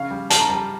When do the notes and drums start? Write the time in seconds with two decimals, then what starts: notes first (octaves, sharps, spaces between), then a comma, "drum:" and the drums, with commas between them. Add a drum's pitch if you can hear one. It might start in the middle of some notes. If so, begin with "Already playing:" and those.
Already playing: C#3 F5
0.11 G3
0.30 C#3 A5, drum: hi-hat
0.40 A#5
0.48 G3 A5